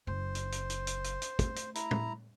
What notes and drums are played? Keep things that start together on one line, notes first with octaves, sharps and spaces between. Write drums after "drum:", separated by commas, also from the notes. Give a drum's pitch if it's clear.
F#1 C5
drum: hi-hat
drum: hi-hat
drum: hi-hat
drum: hi-hat
drum: hi-hat
drum: hi-hat
A3, drum: kick, hi-hat
drum: hi-hat
E4 A#5, drum: hi-hat
drum: tom